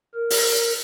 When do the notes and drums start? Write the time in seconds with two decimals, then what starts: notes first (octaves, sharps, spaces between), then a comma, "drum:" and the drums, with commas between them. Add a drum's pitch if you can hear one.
0.14 A#4
0.30 drum: open hi-hat